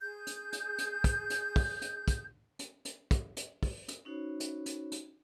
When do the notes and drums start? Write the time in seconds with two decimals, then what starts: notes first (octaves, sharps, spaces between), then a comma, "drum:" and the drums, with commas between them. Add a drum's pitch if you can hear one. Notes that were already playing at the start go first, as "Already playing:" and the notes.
0.01 G#4 G6
0.27 drum: hi-hat
0.53 drum: hi-hat
0.78 drum: hi-hat
1.04 drum: kick, hi-hat
1.30 drum: hi-hat
1.56 drum: kick, open hi-hat
1.82 drum: hi-hat
2.08 drum: kick, hi-hat
2.59 drum: hi-hat
2.85 drum: hi-hat
3.11 drum: kick, hi-hat
3.37 drum: hi-hat
3.63 drum: kick, open hi-hat
3.88 drum: hi-hat
4.05 C#4 D#4 F#4 C5 C#5 B5
4.40 drum: hi-hat
4.66 drum: hi-hat
4.92 drum: hi-hat